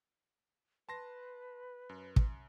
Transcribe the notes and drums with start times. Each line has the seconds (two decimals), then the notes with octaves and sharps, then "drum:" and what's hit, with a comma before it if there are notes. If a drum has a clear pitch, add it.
0.89 B4 A5 C6 A#6
1.89 F#2
2.16 drum: kick